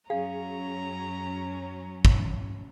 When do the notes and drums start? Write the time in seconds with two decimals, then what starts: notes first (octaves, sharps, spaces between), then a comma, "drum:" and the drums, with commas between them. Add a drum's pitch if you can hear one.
0.10 F#2 F#3 C#4 G#4 F5 A#5
2.05 drum: kick